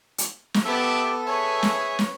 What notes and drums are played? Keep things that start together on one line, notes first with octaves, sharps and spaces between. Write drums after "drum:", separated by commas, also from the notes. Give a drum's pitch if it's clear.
drum: hi-hat
drum: snare
B3 G4 A4 E5 A5 D6
G#4 B4 C#5 E5 G#5
drum: snare
drum: snare